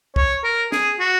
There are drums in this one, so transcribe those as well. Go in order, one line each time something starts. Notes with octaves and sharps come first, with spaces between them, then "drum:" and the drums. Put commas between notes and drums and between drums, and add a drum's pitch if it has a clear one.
C#5, drum: kick
A#4
G#4, drum: snare
F#4